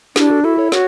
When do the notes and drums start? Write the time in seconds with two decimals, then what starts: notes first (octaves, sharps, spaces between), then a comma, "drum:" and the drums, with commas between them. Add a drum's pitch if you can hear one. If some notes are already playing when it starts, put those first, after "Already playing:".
0.16 D4 E4 G4, drum: snare
0.30 F#4 A4
0.44 E4 F#4 A4
0.58 A4 C#5
0.72 F#4 C#5, drum: snare